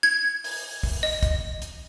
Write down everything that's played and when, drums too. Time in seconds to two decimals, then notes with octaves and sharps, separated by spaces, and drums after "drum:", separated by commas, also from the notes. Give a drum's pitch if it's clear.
0.03 G#6
0.44 drum: open hi-hat
0.83 drum: kick, open hi-hat
1.03 D#5
1.23 drum: kick, hi-hat
1.62 drum: hi-hat